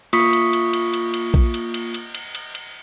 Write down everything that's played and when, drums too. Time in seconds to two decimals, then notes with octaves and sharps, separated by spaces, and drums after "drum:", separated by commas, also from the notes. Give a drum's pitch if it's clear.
0.13 A#3 F4 C#6 D#6 B6 C#7, drum: cymbal
0.33 drum: cymbal
0.53 drum: cymbal
0.73 drum: cymbal
0.94 drum: cymbal
1.14 drum: cymbal
1.34 drum: kick A#1
1.54 drum: cymbal
1.74 drum: cymbal
1.94 drum: cymbal
2.15 drum: cymbal
2.35 drum: cymbal
2.55 drum: cymbal